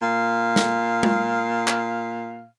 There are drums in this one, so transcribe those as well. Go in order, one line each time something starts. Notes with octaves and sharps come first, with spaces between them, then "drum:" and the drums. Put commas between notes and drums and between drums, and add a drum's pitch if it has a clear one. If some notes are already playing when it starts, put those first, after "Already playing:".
A#2 F5
drum: snare
drum: tom G#3
drum: clap